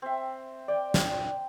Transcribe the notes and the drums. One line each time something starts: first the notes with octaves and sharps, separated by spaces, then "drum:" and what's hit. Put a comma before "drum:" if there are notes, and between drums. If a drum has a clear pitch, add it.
C4 E5
D5 G5
drum: snare